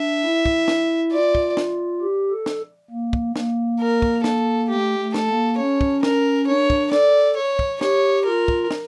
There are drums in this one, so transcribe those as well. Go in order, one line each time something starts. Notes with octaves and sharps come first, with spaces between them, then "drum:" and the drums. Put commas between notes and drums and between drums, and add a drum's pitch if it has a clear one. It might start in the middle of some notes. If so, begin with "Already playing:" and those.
Already playing: D4 E5
E4
drum: kick
drum: snare
F4 D5
drum: kick
drum: snare
G4
A4
drum: snare
A#3
drum: kick
A#3, drum: snare
A#4
drum: kick
A4, drum: snare
A3 G4
A3
A4, drum: snare
A#3
C#4 C#5
drum: kick
A#4, drum: snare
D4 C#5
drum: kick
A4 D5, drum: snare
C#5
drum: kick
G4 C#5, drum: snare
F4 A#4
drum: kick
drum: snare